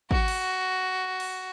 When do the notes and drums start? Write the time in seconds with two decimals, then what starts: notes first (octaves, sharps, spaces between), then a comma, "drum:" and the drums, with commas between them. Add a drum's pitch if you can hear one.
0.11 F#4, drum: kick
0.28 drum: cymbal
1.20 drum: cymbal